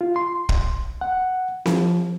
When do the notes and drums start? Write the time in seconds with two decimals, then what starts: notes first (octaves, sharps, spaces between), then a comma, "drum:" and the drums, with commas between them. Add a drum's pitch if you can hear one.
0.01 F4
0.16 C6
0.49 drum: kick
1.01 F#5
1.66 F3, drum: snare C4